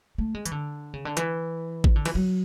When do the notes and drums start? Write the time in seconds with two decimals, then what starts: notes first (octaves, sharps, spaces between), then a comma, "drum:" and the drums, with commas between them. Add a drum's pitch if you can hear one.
0.18 A3
0.35 G#3
0.46 E3, drum: hi-hat
0.52 D3
0.94 C#3
1.05 D3
1.17 E3, drum: hi-hat
1.84 drum: kick A1
1.96 D3
2.05 E3, drum: cymbal
2.15 F#3